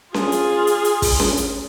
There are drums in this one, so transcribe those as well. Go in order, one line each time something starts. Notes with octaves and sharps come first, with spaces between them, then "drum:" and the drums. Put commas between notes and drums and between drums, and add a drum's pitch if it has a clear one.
F4 G#4, drum: snare C#4
drum: hi-hat
drum: hi-hat
drum: hi-hat
drum: kick, open hi-hat
drum: snare C#4
drum: hi-hat